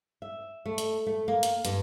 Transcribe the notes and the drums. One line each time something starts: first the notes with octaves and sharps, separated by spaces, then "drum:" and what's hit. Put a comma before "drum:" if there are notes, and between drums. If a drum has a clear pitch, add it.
E5
A3
drum: hi-hat
A3
A#3
drum: hi-hat
G2, drum: hi-hat